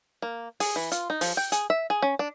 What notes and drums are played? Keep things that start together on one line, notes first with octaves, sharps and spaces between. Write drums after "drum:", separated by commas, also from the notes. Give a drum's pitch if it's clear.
A#3
G#4, drum: open hi-hat
E3
F4, drum: hi-hat
D#4
F3, drum: open hi-hat
G5
G#4, drum: hi-hat
E5
G#4
C#4
D4